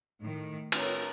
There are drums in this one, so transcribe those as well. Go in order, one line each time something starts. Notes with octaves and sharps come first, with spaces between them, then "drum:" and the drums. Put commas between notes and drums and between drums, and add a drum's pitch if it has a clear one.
A2 D#3
A#4 C#5, drum: cymbal